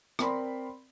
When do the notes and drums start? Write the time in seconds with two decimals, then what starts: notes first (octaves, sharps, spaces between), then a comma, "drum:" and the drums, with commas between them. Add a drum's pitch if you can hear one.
0.19 C4 A#4 D5 B5 C6, drum: rim click